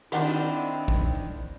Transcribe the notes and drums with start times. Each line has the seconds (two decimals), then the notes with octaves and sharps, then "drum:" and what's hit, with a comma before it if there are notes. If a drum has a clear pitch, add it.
0.12 D#3 C4 D4 E4 F#4 F#5, drum: hi-hat
0.88 drum: kick